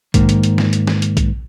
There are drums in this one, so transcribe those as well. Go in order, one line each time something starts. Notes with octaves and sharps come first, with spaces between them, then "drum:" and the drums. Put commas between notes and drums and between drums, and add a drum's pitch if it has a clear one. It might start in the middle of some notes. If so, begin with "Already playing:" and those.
G#2 D#3 A#3, drum: kick A#1, hi-hat
drum: hi-hat
drum: hi-hat
drum: snare
drum: hi-hat
drum: snare
drum: hi-hat
drum: kick A#1, hi-hat